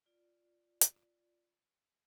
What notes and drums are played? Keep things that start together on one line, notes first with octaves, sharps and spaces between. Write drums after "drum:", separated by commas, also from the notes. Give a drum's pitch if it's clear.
F4 D5
drum: hi-hat